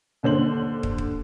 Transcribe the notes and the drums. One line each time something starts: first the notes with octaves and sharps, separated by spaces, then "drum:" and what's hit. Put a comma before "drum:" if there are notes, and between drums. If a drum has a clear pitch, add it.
D#2 D3 C5 F#7
drum: kick
drum: kick